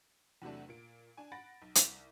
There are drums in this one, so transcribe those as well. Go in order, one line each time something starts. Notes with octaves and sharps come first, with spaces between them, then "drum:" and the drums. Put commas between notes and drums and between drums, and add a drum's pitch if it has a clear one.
E2 C3 F#3 A3 D4
A#2 D7
D4 G#5
F#5 B5 A6 A#6 D7
B1
C2, drum: hi-hat